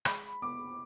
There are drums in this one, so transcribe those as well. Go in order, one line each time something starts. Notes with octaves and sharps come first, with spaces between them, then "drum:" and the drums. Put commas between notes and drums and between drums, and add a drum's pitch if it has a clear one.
G#3 B5, drum: rim click
B3 D6